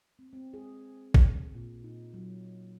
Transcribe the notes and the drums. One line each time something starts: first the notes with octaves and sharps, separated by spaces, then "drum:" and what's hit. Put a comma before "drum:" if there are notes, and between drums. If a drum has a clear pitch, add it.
C4
C4
G#4
drum: kick A1
A#2
D#4
F#3